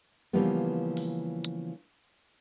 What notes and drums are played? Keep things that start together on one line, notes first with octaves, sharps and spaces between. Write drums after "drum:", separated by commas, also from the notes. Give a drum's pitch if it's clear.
C#3 E3 F3 G3 A#3 B3
drum: open hi-hat
drum: hi-hat